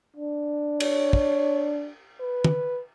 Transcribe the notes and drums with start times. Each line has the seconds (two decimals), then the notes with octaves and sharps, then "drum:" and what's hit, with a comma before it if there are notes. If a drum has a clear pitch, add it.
0.16 D4
0.80 C#5, drum: cymbal
1.13 drum: kick
2.20 B4
2.44 drum: tom